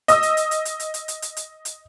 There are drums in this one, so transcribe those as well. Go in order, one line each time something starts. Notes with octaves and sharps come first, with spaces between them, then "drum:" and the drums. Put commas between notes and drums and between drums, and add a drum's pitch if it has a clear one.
D#5 D#6 E6, drum: hi-hat
drum: hi-hat
drum: hi-hat
drum: hi-hat
drum: hi-hat
drum: hi-hat
drum: hi-hat
drum: hi-hat
drum: hi-hat
drum: hi-hat
drum: hi-hat